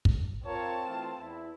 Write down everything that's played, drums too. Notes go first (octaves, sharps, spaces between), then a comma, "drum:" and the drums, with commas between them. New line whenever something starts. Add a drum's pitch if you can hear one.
drum: kick
C4 F4 A#4 C#5 A5
E3 A3 F4
E2 E4